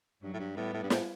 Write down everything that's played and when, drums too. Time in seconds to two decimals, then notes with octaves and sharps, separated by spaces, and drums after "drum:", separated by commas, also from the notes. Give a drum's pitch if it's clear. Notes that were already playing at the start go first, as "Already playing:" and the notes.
0.23 G2 F#3
0.34 A2
0.39 G2
0.57 A2 G3 B3
0.74 A2
0.83 G2
0.90 A2, drum: snare